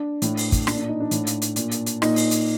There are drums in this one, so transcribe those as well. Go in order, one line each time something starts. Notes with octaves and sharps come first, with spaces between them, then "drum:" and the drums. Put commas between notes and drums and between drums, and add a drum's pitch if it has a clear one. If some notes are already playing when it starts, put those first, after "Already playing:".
Already playing: D4
A2, drum: hi-hat
drum: open hi-hat
drum: kick, hi-hat
A#2 D4, drum: rim click
D4
D#4
D4
A2, drum: hi-hat
drum: hi-hat
drum: hi-hat
A#2, drum: hi-hat
drum: hi-hat
drum: hi-hat
A#2 D#4, drum: rim click
drum: open hi-hat
drum: hi-hat